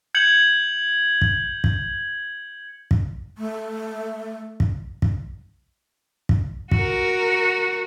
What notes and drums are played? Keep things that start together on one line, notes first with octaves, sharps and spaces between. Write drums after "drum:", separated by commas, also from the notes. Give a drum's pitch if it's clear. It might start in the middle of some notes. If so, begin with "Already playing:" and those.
G6 G#6 C#7 F#7
drum: kick
drum: kick
drum: kick
A3
drum: kick
drum: kick
drum: kick
F#4 A#4, drum: kick